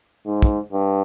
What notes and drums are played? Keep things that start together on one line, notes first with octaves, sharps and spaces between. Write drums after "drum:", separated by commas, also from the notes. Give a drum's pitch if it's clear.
G#2
drum: kick
G2